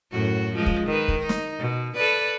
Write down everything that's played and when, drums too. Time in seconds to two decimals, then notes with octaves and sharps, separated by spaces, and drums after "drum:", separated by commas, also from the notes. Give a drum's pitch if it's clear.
0.11 F#2 A2 F#4
0.55 F3 G#3
0.66 drum: kick
0.87 D#3 B4
1.08 drum: kick
1.19 D#4
1.29 drum: snare
1.59 B2
1.95 A4 B4 D5